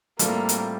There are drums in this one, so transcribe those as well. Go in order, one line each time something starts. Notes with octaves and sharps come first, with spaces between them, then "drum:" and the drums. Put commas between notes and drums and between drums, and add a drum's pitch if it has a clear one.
A2 G3 A#3 C4 F4 A4, drum: hi-hat
drum: hi-hat